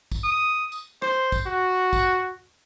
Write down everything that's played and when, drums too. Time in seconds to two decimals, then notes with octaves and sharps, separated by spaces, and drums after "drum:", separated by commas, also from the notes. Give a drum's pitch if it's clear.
0.12 drum: kick, tambourine
0.24 D#6
0.72 drum: tambourine
1.02 C5, drum: rim click
1.32 drum: kick, tambourine
1.46 F#4
1.93 drum: kick, tambourine